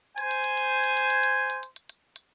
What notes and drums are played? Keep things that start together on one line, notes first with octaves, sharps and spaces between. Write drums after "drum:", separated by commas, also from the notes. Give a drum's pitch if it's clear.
C5 G#5, drum: hi-hat
drum: hi-hat
drum: hi-hat
drum: hi-hat
drum: hi-hat
drum: hi-hat
drum: hi-hat
drum: hi-hat
drum: hi-hat
drum: hi-hat
drum: hi-hat
drum: hi-hat
drum: hi-hat